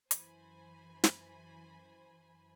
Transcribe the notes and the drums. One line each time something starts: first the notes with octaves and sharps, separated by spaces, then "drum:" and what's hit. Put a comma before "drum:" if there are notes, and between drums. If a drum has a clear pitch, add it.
F#2 E3 C5 G#5 B5, drum: hi-hat
drum: snare